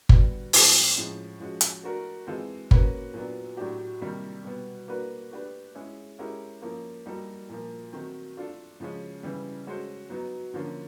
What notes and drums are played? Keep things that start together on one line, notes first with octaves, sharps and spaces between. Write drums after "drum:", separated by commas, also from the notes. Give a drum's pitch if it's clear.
D3 G3 B3 D4 F#4, drum: kick G1
A2 F3 G#3 C4 E4, drum: open hi-hat
A2 F3 G#3 C#4
F3 G#3 C#4 F#4
drum: hi-hat
A3 D4 F#4 A#4
E3 G#3 C4 F4 A4
A#3 C#4 F#4 B4, drum: kick G1
A#2 F#3 B3 D4
A2 F#3 A3 D4 G4
C3 D#3 G3 A#3
B2 G3 B3
A#3 D4 F#4 B4
A3 D4 G4 B4
G#3 C#4 E4 G#4
G#3 C#4 E4 G4 A#4
F3 A#3 C#4 F4 A4
G3 A#3 D#4 F#4 A4
A#2 F3 A#3
D#3 F#3 A3 C4
A3 D4 F4 A4
C#3 F3 G#3 C#4
C#3 E3 G3
G#3 C#4 F#4 A4 C5
F#3 B3 D#4
D3 F3 A#3 C#4 F4